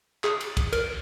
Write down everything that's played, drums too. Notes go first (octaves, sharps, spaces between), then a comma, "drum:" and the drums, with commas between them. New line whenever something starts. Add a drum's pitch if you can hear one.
G#4, drum: clap
drum: cymbal
drum: kick, cymbal
A#4, drum: cymbal